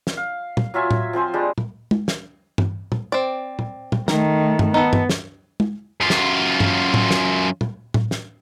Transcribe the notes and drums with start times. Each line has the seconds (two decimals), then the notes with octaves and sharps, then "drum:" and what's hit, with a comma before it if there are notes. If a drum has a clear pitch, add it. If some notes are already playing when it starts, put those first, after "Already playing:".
0.07 drum: snare
0.17 F5
0.57 drum: tom
0.74 F#3 F4 E5 G#5
0.91 drum: tom A2
1.13 F3 C4 C5 G#5
1.34 F3 G3 G#3 D4
1.58 drum: tom
1.91 drum: tom G#3
2.08 drum: snare
2.58 drum: tom G2
2.92 drum: tom
3.12 C4 D5
3.59 drum: tom
3.92 drum: tom
4.08 D#3 A3 A#5, drum: snare
4.59 drum: tom G2
4.74 B3 D#4 A4
4.93 drum: tom G2
5.10 drum: snare
5.60 drum: tom G#3
6.01 F#2 F4
6.10 drum: snare
6.60 drum: tom G2
6.94 drum: tom A2
7.11 drum: snare
7.61 drum: tom
7.94 drum: tom A2
8.11 drum: snare